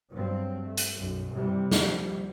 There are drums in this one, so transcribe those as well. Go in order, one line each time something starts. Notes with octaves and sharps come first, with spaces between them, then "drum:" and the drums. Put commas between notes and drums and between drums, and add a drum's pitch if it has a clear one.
G2 F#3 C4
A3
drum: hi-hat
B1 F#2
G2 C3 E3 G3
D2 F3 G3, drum: snare